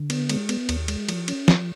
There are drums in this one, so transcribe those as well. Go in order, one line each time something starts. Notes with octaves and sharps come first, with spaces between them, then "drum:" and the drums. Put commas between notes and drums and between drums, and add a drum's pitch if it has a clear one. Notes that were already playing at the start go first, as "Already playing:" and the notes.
Already playing: D3
B3, drum: cymbal
G#3, drum: cymbal
B3, drum: cymbal
D#2, drum: cymbal
G#3, drum: cymbal
F3, drum: cymbal
C#4, drum: cymbal
F3, drum: snare